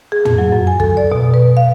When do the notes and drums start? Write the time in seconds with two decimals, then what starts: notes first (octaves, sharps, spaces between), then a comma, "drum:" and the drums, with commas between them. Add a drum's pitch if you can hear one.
0.12 G#4
0.25 F2, drum: tom
0.38 F#3
0.52 F#2
0.67 G#5
0.80 A4, drum: kick
0.97 D5
1.12 B2
1.34 B4
1.57 F5